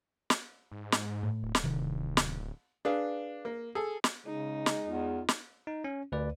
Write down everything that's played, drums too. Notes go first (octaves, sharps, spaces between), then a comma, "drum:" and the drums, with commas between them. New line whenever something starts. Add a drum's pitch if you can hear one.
drum: snare
G#2
drum: snare
A2
D1
drum: snare
C3 D#3
drum: snare
D4 G#4 B4 F5
A#3
G#4 A4
drum: snare
C#3 G#3 D#4
drum: snare
E2 F4
drum: snare
D#4
C#4
D2 B4 D5